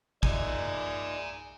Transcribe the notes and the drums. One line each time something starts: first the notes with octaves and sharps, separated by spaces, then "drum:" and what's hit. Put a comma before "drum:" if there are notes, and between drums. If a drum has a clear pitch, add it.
A#2 G#3 D#4 D5 E5 G#5, drum: kick